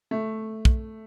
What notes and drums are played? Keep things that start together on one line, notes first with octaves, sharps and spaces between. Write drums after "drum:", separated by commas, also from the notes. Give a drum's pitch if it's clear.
A3
drum: kick